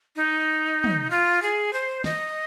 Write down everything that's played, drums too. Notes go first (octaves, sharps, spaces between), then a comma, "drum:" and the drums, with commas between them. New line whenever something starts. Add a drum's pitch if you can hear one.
D#4
drum: tom
F4
G#4
C5
D#5, drum: snare